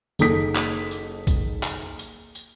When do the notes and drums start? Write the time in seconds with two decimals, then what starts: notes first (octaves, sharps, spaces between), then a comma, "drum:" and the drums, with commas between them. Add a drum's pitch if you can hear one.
0.19 F#1 D#4 A4 D#6 B6, drum: tambourine
0.55 drum: clap
0.91 drum: tambourine
1.27 drum: kick B1, tambourine
1.63 drum: clap
1.99 drum: tambourine
2.35 drum: tambourine